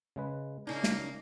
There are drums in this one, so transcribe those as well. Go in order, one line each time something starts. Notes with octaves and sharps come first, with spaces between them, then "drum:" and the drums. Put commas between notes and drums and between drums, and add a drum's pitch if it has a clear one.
C#3 G#3 B4
C#3 A#3 D4 D#4
drum: snare